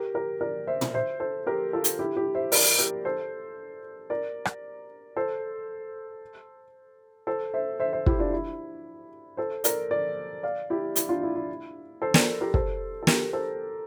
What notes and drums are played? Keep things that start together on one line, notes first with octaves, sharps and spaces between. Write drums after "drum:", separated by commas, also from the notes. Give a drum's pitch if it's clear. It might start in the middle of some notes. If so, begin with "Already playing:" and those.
Already playing: G4 A#4
G4 A#4
A#4 D5
C5 E5
drum: tom
C5 E5
A4 C5
G4 A#4
F4 A4
drum: hi-hat
E4 G4
E4 G4
C5 E5
A#4 D5, drum: open hi-hat
G4 A#4
A4 C5
A#4 D5
drum: rim click
A4 C5
A4 C5
C5 E5
C5 E5
C5 E5
E4 G4, drum: kick
D4 F4
E4
A4 C5
A#4 D5, drum: hi-hat
A#4 D5
D5 F5
E4 G4
E4, drum: hi-hat
D4 F4
E4
E4
A4 C5
A#4 D5, drum: snare
G4 A#4
A4 C5, drum: kick
A4
G4 A#4, drum: snare
A4 C5